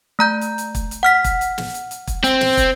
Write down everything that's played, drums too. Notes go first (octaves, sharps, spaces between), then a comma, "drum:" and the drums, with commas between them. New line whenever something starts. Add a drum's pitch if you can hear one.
A3 A#5 G6
drum: hi-hat
drum: hi-hat
drum: kick, hi-hat
drum: hi-hat
F#5 F6 B6
drum: kick, hi-hat
drum: hi-hat
drum: snare
drum: hi-hat
drum: hi-hat
drum: kick, hi-hat
C4, drum: hi-hat
drum: snare
drum: kick, hi-hat